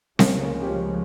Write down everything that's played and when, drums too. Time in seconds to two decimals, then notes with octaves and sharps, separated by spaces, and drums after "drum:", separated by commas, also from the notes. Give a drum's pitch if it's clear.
0.19 C#2 C#3 F3 G#3 A#3 C#4, drum: snare C4
0.43 A#3 C#4
0.62 G4
0.66 C#4 F4